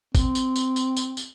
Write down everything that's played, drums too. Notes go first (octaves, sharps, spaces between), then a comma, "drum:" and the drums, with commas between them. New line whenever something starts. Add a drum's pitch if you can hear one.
C4, drum: kick G#1, tambourine
drum: tambourine
drum: tambourine
drum: tambourine
drum: tambourine
drum: tambourine